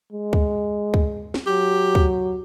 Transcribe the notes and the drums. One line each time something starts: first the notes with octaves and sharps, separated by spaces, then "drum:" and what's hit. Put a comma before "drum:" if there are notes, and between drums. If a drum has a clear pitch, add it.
G#3
drum: kick C#2
drum: kick C#2
drum: snare
F#3 G4
drum: kick C#2